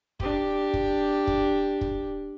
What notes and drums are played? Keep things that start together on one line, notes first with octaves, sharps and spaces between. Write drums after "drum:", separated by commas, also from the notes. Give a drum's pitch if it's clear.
D4 G4, drum: kick
drum: kick
drum: kick
drum: kick